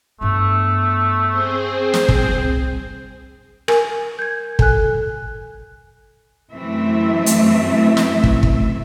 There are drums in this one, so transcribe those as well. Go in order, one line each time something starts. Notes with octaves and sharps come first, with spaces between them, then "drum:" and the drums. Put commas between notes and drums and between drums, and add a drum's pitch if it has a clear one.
G2 A3 B3
C4 G#4 C5
drum: snare
F1 C2 G5, drum: kick
A#4 G#5, drum: rim click
G6 G#6
A4 G#5 F#6, drum: kick
F#2 C3 E3 A3 C4 E5
drum: hi-hat
drum: snare
drum: kick
drum: kick